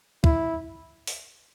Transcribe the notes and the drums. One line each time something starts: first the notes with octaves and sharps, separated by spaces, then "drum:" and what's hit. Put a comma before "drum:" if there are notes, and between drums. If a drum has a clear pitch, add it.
E4, drum: kick
drum: open hi-hat